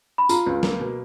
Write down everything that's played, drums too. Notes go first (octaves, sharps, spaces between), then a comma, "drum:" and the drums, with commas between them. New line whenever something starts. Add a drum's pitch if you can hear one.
B5
F4 A#5, drum: tambourine
C#2
A#3, drum: snare
B2